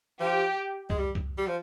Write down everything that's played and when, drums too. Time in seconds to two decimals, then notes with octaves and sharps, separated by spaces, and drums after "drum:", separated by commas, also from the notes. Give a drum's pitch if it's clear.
0.20 F3 G4
0.90 G#3, drum: kick C2
0.98 G3
1.15 drum: kick C2
1.37 G3
1.47 F3